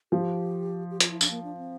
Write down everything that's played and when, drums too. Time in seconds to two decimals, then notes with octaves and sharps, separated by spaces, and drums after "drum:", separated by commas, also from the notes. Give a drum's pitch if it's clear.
0.12 F3 G4
0.91 G4
1.00 F4, drum: hi-hat
1.11 E4
1.21 D4, drum: tambourine
1.31 A#3
1.44 D4
1.57 C4